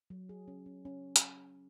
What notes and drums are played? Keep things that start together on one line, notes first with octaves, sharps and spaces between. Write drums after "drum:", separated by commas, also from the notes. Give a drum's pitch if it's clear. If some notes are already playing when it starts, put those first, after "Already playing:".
F#3
G#4
C#4
C#4
C#4
drum: hi-hat